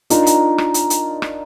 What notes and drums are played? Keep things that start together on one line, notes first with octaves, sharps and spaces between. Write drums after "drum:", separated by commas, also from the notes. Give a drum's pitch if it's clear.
D4 D#4 F4 A#4 D5, drum: hi-hat
drum: hi-hat
drum: rim click
drum: hi-hat
drum: hi-hat
drum: rim click